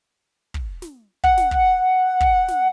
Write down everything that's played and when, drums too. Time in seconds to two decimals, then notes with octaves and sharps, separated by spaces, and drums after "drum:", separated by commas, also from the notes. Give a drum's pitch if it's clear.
0.54 drum: kick
0.82 drum: snare
1.24 F#5, drum: kick
1.37 drum: snare
1.51 drum: kick
2.21 drum: kick
2.48 drum: snare